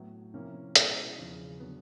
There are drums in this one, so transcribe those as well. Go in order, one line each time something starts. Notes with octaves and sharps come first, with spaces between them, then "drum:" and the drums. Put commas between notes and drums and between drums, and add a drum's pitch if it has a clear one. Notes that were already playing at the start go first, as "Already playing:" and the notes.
Already playing: A2 F#3 B3
C3 F3 A#3 C#4 E4
B2 G#3 C#4 E4, drum: hi-hat
E2 C#3 F3
D3 F#3 B3